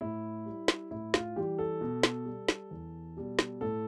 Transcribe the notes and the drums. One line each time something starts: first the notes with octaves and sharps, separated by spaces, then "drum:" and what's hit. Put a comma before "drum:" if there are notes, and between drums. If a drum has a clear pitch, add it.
A2 E4
G3
drum: snare
A2 E4
F4, drum: snare
E3 G3 G4
A4
B2
drum: snare
G3
drum: snare
E2
B2 G3
drum: snare
A2 A4